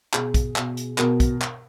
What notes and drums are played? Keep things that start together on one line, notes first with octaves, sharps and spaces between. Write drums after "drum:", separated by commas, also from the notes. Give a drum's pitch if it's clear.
B2 G#4, drum: clap
drum: kick, hi-hat
B2, drum: clap
drum: hi-hat
B2 A#4, drum: clap
drum: kick, hi-hat
drum: clap